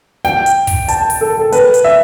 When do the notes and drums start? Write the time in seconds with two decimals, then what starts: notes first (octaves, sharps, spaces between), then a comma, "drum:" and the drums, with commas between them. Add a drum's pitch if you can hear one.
0.25 G5, drum: snare
0.46 drum: hi-hat
0.67 drum: kick, open hi-hat
0.88 A5, drum: hi-hat
1.10 drum: open hi-hat
1.21 A4
1.39 A4
1.52 B4, drum: hi-hat
1.74 drum: hi-hat
1.84 E5